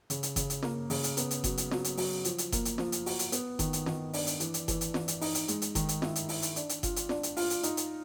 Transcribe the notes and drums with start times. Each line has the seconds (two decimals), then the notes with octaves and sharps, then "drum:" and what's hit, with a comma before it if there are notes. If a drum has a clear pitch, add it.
0.10 C#3, drum: hi-hat
0.23 drum: hi-hat
0.36 C#3, drum: kick F#1, hi-hat
0.50 drum: hi-hat
0.63 A#3, drum: snare
0.90 C#3, drum: open hi-hat
1.04 drum: hi-hat
1.17 B3, drum: hi-hat
1.31 drum: hi-hat
1.44 F#3, drum: kick F#1, hi-hat
1.57 drum: hi-hat
1.71 F#3, drum: snare
1.84 drum: hi-hat
1.97 F#3, drum: open hi-hat
2.25 F3, drum: hi-hat
2.38 drum: hi-hat
2.52 A#3, drum: kick F#1, hi-hat
2.65 drum: hi-hat
2.78 F3, drum: snare
2.92 drum: hi-hat
3.06 F#4, drum: open hi-hat
3.19 drum: hi-hat
3.32 B3, drum: hi-hat
3.59 D#3, drum: kick F#1, hi-hat
3.73 drum: hi-hat
3.86 D#3, drum: snare
4.13 D4, drum: open hi-hat
4.27 drum: hi-hat
4.40 E3, drum: hi-hat
4.54 drum: hi-hat
4.68 E3, drum: kick F#1, hi-hat
4.81 drum: hi-hat
4.94 E3, drum: snare
5.08 drum: hi-hat
5.21 D#4, drum: open hi-hat
5.35 drum: hi-hat
5.48 G#3, drum: hi-hat
5.62 drum: hi-hat
5.75 D#3, drum: kick F#1, hi-hat
5.89 drum: hi-hat
6.02 E4, drum: snare
6.16 drum: hi-hat
6.29 E4, drum: open hi-hat
6.42 drum: hi-hat
6.56 D4, drum: hi-hat
6.69 drum: hi-hat
6.83 F4, drum: kick F#1, hi-hat
6.96 drum: hi-hat
7.09 D4, drum: snare
7.23 drum: hi-hat
7.37 F4, drum: open hi-hat
7.50 drum: hi-hat
7.63 D#4, drum: hi-hat
7.77 drum: hi-hat